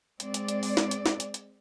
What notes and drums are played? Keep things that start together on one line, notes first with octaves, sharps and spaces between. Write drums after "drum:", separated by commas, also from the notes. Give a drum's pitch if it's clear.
G#3 C4 D5, drum: hi-hat
drum: hi-hat
drum: hi-hat
drum: open hi-hat
drum: snare
drum: hi-hat
drum: snare
drum: hi-hat
drum: hi-hat